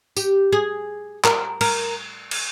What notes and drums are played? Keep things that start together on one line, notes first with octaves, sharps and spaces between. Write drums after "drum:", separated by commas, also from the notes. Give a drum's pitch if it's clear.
G4, drum: tambourine
G#4
A#4, drum: clap
A#4, drum: cymbal
drum: cymbal